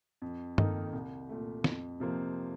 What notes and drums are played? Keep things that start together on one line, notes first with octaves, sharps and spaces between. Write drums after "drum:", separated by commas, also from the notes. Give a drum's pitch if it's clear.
F2
D#3 A#3 D#4 A4, drum: tom G2
C2
A#2 A3
F2, drum: snare
C3 F3 A#3